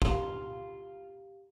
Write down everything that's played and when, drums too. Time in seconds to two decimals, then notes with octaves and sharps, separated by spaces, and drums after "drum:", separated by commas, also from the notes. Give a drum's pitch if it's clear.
0.02 F4 G4 F5, drum: kick